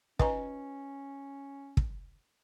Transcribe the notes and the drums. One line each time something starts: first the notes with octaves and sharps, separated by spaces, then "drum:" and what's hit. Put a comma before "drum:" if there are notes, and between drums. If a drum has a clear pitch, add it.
C#4 D#4 F4 B4 C#5 G#5 A#5, drum: kick
drum: kick